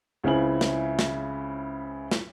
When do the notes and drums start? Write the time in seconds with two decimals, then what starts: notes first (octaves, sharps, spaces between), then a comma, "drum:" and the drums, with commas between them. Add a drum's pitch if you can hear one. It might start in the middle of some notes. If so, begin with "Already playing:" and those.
0.24 C#2 C#3 C4 E4 G#5 F#7
0.61 drum: snare
0.99 drum: snare
2.11 drum: snare